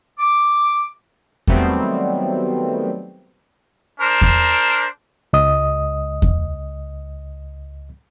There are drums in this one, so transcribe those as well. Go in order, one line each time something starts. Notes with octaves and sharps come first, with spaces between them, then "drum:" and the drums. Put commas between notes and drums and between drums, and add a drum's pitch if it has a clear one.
D6
D#3 F#3 G3 A3 B3 C4, drum: kick E2
D4 A#4 C5
drum: kick E2
C#2 D#5 D#6
drum: kick E2